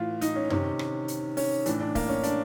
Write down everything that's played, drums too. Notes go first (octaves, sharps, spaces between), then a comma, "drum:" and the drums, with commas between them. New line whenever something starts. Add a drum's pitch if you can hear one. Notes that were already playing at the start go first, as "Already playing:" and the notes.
Already playing: A2 E3 F4
D#4, drum: hi-hat
C#4
C3 D#3 C#4, drum: tom F#2
drum: rim click
drum: hi-hat
C#4, drum: open hi-hat
A2 E3 D4, drum: hi-hat
D4
A#3, drum: kick D1, open hi-hat
C#4
D4, drum: hi-hat